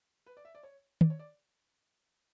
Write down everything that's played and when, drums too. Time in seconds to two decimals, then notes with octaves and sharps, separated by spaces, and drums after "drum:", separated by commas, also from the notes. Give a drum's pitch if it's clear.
0.26 B4
0.37 D5
0.45 E5
0.55 D5
0.63 C#5
1.01 D5, drum: tom
1.10 C#5
1.19 D5